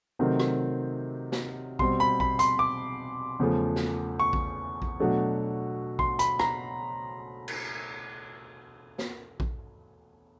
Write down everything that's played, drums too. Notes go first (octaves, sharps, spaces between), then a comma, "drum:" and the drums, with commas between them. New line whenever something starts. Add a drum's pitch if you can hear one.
C3 D#3 F#3 A3 C4
drum: rim click
drum: snare
B2 G3 C4 C6, drum: kick A#1
B5
B5, drum: kick A#1
C6, drum: hi-hat
D6
E2 C#3 F3 A3
drum: snare
C#6
drum: kick A#1
drum: kick A#1
B2 F#3 A3 D4
C6, drum: kick A#1
B5, drum: hi-hat
A#5, drum: rim click
drum: cymbal
drum: snare
drum: kick A#1